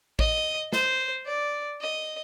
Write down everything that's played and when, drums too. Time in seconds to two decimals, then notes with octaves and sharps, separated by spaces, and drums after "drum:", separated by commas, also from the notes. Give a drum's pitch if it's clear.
0.19 D#5, drum: kick A1
0.73 C5, drum: snare
1.26 D5
1.81 D#5